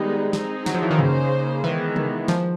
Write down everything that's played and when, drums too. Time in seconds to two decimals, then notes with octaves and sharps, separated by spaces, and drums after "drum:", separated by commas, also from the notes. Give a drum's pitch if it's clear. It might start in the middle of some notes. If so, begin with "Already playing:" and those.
Already playing: D#3 G3 G#3 B3 D#4 G#4
0.33 C4 D#4 G#4, drum: snare
0.66 F#3, drum: snare
0.74 F3
0.82 E3
0.91 D#3
0.99 C#3 A#3 D#4 G#4 C5, drum: tom F#2
1.63 D#3 E3 G#3 B3
1.96 drum: tom C3
2.28 F3, drum: snare